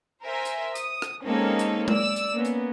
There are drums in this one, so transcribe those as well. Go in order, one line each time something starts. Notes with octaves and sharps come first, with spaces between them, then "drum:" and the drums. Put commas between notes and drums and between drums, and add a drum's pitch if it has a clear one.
A#4 C5 E5 G#5
drum: hi-hat
D#6, drum: hi-hat
drum: rim click
G#3 A#3 C4 C#4 D#4 A4
drum: hi-hat
D5 E6, drum: tom G#3
drum: hi-hat
A#3 B3 C#4
drum: hi-hat